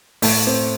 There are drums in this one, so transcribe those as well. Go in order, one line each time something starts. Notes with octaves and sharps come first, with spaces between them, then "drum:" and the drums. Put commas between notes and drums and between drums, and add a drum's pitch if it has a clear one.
A2 A3, drum: open hi-hat
C4